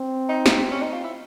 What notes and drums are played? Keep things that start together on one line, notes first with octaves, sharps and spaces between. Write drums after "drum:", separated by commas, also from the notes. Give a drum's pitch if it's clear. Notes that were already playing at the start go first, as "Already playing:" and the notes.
Already playing: C4
D#4
drum: snare
C#4
D#4
F4
E4